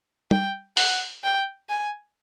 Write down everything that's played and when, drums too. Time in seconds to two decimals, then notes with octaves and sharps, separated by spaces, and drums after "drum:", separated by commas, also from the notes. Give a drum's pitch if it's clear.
0.31 G5, drum: tom
0.77 F#5, drum: open hi-hat
1.24 G5
1.69 G#5